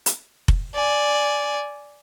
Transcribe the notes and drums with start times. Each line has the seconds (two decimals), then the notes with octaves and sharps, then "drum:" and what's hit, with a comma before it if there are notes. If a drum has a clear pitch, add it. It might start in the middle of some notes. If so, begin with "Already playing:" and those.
0.06 drum: hi-hat
0.48 drum: kick F1
0.75 D5 G#5